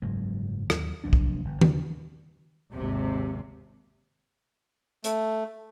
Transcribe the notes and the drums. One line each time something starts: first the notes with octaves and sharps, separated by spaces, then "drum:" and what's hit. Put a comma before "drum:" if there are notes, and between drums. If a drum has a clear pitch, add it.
F#1 G#2 F#3
D#2 F#3, drum: rim click
F1 A#1 F#3 D4
drum: kick
G1
D#2 C#3 D4, drum: tom D#3
G#1 D#2 C3
A3, drum: hi-hat